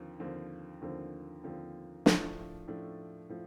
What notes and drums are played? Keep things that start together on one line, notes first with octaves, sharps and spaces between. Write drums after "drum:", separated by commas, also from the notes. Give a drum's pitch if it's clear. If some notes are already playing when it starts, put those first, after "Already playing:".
Already playing: D#2 D3 F3 C4
D#2 D3 F3 C4
D#2 D3 F3 C4
D#2 D3 F3 C4
A2 F3 A3 D4, drum: snare
A2 F3 A3 D4
A2 F3